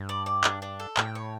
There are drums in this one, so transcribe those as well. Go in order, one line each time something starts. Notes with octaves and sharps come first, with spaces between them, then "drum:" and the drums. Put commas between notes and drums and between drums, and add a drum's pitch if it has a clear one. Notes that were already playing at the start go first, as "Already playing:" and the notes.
Already playing: G2
D5
D5
D4, drum: clap
D4
A4
A2 G5, drum: clap
C#5